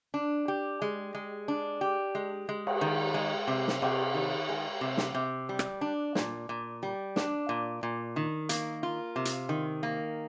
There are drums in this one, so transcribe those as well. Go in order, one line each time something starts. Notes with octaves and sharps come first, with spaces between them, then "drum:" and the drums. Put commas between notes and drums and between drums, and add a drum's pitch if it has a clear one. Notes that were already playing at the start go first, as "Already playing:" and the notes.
D4
G4
G#3
G#3
D4
G4
G#3
G#3
drum: cymbal
D#3
G#3
C3
drum: snare
C3, drum: cymbal
D#3
G#3
C3
drum: snare
C3
G3
drum: rim click
D4
A#2, drum: snare
A#2
G3
D4, drum: snare
A#2
A#2
D#3
A#3, drum: hi-hat
F4
C3
drum: hi-hat
D#3
A#3